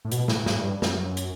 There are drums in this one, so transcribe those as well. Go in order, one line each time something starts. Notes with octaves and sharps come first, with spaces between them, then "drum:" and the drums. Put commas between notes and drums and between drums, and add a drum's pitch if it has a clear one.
A2
B2, drum: hi-hat
A2, drum: snare
G2, drum: snare
A2
G2
F#2, drum: snare
drum: hi-hat